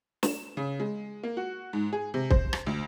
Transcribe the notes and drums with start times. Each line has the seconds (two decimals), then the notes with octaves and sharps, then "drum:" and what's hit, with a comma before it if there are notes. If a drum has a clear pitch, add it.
0.23 E7, drum: snare
0.57 C#3
0.80 G#3
1.23 A#3
1.37 F#4
1.73 G#2
1.93 G#4
2.14 C3
2.31 C5, drum: kick
2.53 drum: rim click
2.66 D2